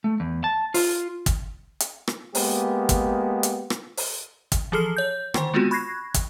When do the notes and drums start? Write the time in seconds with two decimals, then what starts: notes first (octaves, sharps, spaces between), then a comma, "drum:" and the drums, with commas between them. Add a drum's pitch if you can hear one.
0.04 A3
0.20 E2
0.44 A5
0.74 F4, drum: open hi-hat
1.26 drum: kick, hi-hat
1.80 drum: hi-hat
2.08 drum: rim click
2.35 G#3 A#3 B3 G4, drum: open hi-hat
2.89 drum: kick, hi-hat
3.43 drum: hi-hat
3.70 drum: rim click
3.97 drum: open hi-hat
4.52 drum: kick, hi-hat
4.72 E3 F3 G#4 A4 F6 C7
4.97 C#5 G6
5.34 D3 D#3 C5, drum: rim click
5.54 G#3 B3 C4 F4 F#4
5.71 B5 C#6 F#6 G#6 A#6 C7
6.14 drum: kick, hi-hat